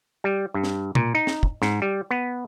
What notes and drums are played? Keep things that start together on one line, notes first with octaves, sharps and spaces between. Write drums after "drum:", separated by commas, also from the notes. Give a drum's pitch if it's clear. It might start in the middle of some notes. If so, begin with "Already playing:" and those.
G3
G2
drum: snare
A#2, drum: tom
D#4
drum: snare
drum: kick
G#2, drum: snare
G3
B3